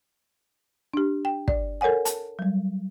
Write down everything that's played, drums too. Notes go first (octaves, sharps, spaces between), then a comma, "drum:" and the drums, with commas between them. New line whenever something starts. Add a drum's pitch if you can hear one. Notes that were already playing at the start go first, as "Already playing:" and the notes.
D4 G4
G5
D5, drum: kick
A4 A#4 C#5 F#5 G#5
A5, drum: hi-hat
F#3 G3